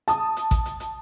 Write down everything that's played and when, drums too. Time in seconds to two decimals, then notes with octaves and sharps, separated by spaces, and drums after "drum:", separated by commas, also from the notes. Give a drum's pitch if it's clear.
0.08 A5 D#6, drum: hi-hat
0.37 drum: hi-hat
0.51 drum: kick A1, hi-hat
0.66 drum: hi-hat
0.80 drum: hi-hat